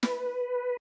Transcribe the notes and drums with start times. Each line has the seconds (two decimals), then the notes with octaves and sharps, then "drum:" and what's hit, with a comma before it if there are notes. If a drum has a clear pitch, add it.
0.03 B4, drum: snare